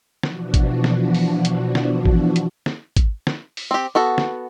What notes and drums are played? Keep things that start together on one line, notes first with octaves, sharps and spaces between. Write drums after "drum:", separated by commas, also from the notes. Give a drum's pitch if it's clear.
B2 E3 F3 D4 F#4, drum: snare
drum: kick G#1, hi-hat
drum: snare
drum: open hi-hat
drum: hi-hat
drum: snare
drum: kick G#1
drum: hi-hat
drum: snare
drum: kick G#1, hi-hat
drum: snare
drum: open hi-hat
C4 G4
B3 F#4 A4
drum: snare